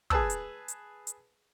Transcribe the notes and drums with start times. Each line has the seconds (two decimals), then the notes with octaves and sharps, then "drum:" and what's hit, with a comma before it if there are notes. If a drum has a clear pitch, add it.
0.10 G#4 B4 A5 E6, drum: kick
0.30 drum: hi-hat
0.68 drum: hi-hat
1.07 drum: hi-hat